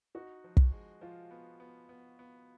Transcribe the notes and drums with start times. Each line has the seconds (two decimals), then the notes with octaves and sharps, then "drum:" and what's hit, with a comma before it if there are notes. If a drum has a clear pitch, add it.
0.15 D#4 F#4
0.44 F3
0.57 drum: kick
0.72 G#3
1.01 F3 F4
1.31 B3
1.60 B3
1.89 B3
2.19 B3